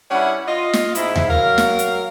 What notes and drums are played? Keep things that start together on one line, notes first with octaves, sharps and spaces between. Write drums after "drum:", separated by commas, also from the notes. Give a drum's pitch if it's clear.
G2 G3 C#4 D4 E4 F#5
F4 D#5
drum: snare
G#2 E4, drum: hi-hat
drum: tom D#2
F#3 A#4 F5
drum: snare
drum: hi-hat